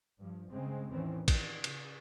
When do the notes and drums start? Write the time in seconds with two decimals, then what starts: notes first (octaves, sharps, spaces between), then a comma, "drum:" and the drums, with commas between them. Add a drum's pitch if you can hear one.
0.19 G2 F3
0.51 G2 C#3 G#3 C4
0.89 E2 A2 D#3 E3 C4 C#4
1.28 D#3, drum: kick, cymbal
1.64 C#3, drum: cymbal